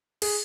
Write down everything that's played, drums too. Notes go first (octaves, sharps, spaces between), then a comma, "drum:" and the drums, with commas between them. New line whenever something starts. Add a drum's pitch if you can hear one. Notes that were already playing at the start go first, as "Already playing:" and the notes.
G#4, drum: cymbal